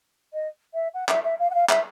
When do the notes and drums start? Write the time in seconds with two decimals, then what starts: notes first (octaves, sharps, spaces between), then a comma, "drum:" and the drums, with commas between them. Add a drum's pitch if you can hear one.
0.33 D#5
0.74 E5
0.94 F#5
1.09 E5, drum: clap
1.24 E5
1.39 F5
1.50 F#5
1.54 F5
1.69 E5, drum: clap